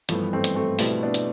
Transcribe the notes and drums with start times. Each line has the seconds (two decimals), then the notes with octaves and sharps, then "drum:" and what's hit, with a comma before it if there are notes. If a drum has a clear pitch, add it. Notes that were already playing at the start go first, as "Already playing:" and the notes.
0.09 G2 E3 F3 A3 B3, drum: hi-hat
0.33 A3 C4
0.44 drum: hi-hat
0.55 A3 C4
0.79 B2 G3 A3 B3 E4, drum: open hi-hat
1.03 B3 D4
1.14 drum: hi-hat